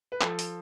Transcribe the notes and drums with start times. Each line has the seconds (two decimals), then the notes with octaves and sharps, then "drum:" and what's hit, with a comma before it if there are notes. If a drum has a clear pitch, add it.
0.12 B4
0.21 F3 A4, drum: clap
0.39 drum: open hi-hat